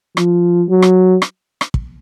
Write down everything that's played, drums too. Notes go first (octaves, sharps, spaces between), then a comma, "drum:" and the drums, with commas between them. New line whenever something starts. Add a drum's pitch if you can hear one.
F3, drum: rim click
F#3
drum: rim click
drum: rim click
drum: rim click
drum: kick